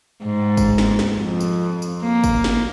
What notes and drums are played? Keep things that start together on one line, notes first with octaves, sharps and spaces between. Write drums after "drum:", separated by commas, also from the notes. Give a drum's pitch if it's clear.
G#2
drum: kick, tambourine
drum: snare
drum: snare
F2
drum: tambourine
drum: tambourine
A#3
drum: kick, tambourine
drum: snare